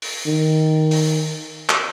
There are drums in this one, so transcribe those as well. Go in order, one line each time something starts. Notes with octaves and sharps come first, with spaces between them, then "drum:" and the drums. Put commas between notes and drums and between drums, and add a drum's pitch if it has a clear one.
drum: open hi-hat
D#3
drum: open hi-hat
drum: clap